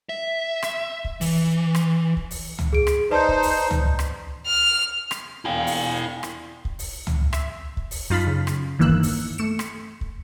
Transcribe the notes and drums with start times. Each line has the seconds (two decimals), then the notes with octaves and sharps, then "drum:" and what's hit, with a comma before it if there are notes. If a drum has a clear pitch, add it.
0.09 E5
0.63 drum: rim click
1.05 drum: kick
1.21 E3, drum: open hi-hat
1.75 drum: rim click
2.17 drum: kick
2.31 drum: open hi-hat
2.59 drum: tom C#2
2.73 G#4 D7
2.87 drum: rim click
3.11 D#4 B4 C5 D5 A5
3.29 drum: kick
3.43 drum: open hi-hat
3.71 drum: tom C#2
3.99 drum: rim click
4.46 F6
5.11 drum: rim click
5.45 E1 F#2 A#2 E4 F5 G5 G#5
5.67 drum: open hi-hat
6.23 drum: rim click
6.65 drum: kick
6.79 drum: open hi-hat
7.07 drum: tom C#2
7.33 E5, drum: rim click
7.77 drum: kick
7.91 drum: open hi-hat
8.10 F#2 D#4 F4 F5 A5 B5
8.27 C#3
8.47 drum: rim click
8.79 G1 D#3 E3 A#3 E6 F#6
8.89 drum: kick
9.03 drum: open hi-hat
9.38 A3 C#7 E7
9.59 drum: rim click
10.01 drum: kick